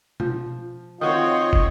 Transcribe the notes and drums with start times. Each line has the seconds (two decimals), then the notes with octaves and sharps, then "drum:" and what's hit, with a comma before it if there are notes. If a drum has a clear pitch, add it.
0.20 F3, drum: tom B2
1.01 D#3 C4 F4 F#4 C#5 D#5
1.53 drum: kick